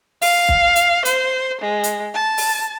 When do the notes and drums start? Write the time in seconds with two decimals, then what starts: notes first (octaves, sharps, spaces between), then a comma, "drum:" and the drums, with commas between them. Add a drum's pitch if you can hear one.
0.22 F5, drum: open hi-hat
0.49 drum: kick B1
0.76 drum: hi-hat
1.05 C5, drum: hi-hat
1.61 G#3
1.84 drum: hi-hat
2.14 A5
2.38 drum: open hi-hat